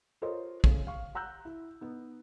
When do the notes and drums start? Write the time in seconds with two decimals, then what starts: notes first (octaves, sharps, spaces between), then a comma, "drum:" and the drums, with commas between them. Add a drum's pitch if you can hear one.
0.22 F4 A4 A#4 C5 C#5 D#5
0.64 A2 C#3, drum: kick
0.87 F5 C#6
1.15 F#5 A#5 E6 F#6 G6
1.45 E4
1.81 B3 D#4